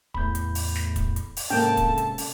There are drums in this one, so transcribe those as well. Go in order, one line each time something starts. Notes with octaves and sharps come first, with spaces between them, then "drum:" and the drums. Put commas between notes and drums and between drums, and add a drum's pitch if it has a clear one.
E2 A2 B5 G6, drum: kick
drum: hi-hat
drum: open hi-hat
drum: snare
drum: kick, hi-hat
drum: hi-hat
drum: open hi-hat
G#2 C3 A#3 C#4 A4 G5 A5
drum: kick, hi-hat
drum: hi-hat
drum: open hi-hat